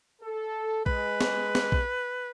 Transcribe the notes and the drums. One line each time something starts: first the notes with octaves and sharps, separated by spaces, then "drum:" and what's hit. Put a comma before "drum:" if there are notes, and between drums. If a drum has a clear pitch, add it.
A4
G#3 B4, drum: kick A#1
drum: snare
drum: snare
drum: kick A#1